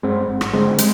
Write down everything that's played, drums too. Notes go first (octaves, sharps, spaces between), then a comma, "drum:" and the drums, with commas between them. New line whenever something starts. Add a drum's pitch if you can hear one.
G2 G#3 C4
G#1
drum: rim click
D3 G#3 C4
G#3, drum: hi-hat